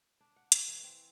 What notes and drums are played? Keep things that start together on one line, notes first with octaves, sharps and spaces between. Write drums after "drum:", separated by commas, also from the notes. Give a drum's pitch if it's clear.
D4
F#5
C#5, drum: hi-hat
E3
C4